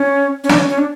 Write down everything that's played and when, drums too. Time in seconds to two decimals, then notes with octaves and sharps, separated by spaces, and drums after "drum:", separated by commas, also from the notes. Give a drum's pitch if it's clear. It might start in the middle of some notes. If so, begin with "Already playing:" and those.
Already playing: C#4
0.44 C#4
0.49 D4, drum: snare
0.58 C#4
0.68 C#4
0.78 D4